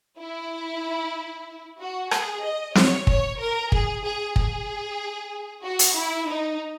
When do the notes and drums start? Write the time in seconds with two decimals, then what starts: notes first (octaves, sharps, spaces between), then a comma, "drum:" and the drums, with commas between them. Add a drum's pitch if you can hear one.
0.19 E4
1.79 F#4
2.11 G#4, drum: rim click
2.43 D#5
2.75 C#5, drum: snare
3.07 C#5, drum: kick
3.39 A#4
3.72 G#4, drum: kick
4.03 G#4
4.36 G#4, drum: kick
5.63 F#4
5.79 drum: hi-hat
5.95 E4
6.28 D#4